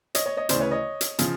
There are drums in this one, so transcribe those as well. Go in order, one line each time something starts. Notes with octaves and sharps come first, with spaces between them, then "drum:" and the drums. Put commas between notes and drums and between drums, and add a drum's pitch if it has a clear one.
C#5 D#5, drum: hi-hat
C#5 D#5
C#5 D#5
D2 C#3 E3 C5 D5, drum: hi-hat
B4 C#5
C#5 D#5
drum: hi-hat
C#3 F3, drum: hi-hat